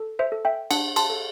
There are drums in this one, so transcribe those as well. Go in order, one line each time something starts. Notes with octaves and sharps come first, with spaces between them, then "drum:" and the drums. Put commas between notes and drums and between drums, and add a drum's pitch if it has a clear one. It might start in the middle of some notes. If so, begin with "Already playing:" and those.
Already playing: A4
C5 E5
A4
E5 G5
D4 F#5 A5, drum: cymbal
A5 C6, drum: cymbal
A4